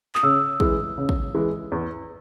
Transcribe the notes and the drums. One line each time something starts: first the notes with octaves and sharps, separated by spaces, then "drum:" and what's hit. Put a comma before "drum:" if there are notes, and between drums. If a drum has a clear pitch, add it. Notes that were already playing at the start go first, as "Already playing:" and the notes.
D#6, drum: clap
C#3 E6
E3 G#3, drum: kick
C#3
drum: kick
E3 G#3
E2